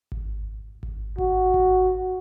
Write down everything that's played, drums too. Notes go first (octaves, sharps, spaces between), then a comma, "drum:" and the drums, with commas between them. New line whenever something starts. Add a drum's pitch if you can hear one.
drum: kick G#1
drum: kick G#1
F#4, drum: kick G#1
drum: kick G#1